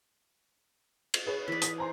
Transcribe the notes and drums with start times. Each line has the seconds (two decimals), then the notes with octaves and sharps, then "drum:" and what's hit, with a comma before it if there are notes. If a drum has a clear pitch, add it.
1.14 drum: cymbal
1.26 G#4 B4 C#5
1.48 E3 D5 B6
1.62 D#6, drum: hi-hat
1.78 C5 G#5 A#5 C6